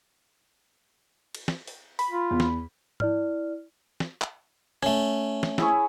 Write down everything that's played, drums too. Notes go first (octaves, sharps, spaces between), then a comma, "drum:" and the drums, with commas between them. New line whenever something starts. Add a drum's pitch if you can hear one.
drum: cymbal
drum: snare
drum: open hi-hat
B5, drum: open hi-hat
F4
E2
drum: snare
E4 D5 F6, drum: tom G#2
drum: snare
drum: clap
A3 C#4, drum: rim click
drum: snare
E4 G#4 C#5, drum: snare